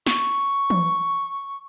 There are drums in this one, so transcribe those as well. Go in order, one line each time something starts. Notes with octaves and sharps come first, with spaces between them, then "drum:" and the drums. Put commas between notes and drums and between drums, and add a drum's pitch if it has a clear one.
C#6, drum: snare
drum: tom E3